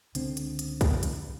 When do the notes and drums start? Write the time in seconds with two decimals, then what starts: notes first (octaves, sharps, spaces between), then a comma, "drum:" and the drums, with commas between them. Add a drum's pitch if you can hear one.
0.15 C#2 D3 C4, drum: hi-hat
0.37 drum: hi-hat
0.59 drum: hi-hat
0.81 drum: kick, hi-hat
1.03 drum: hi-hat